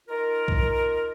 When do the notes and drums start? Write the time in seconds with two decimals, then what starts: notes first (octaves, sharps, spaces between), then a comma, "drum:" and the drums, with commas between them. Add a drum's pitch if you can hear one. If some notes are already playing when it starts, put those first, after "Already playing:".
0.08 D#4 F4 A#4
0.48 drum: kick B1